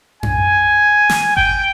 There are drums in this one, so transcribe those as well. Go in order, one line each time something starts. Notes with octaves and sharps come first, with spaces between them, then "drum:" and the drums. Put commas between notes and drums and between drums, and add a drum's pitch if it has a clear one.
G#5, drum: tom F#2
drum: snare
G5, drum: kick G1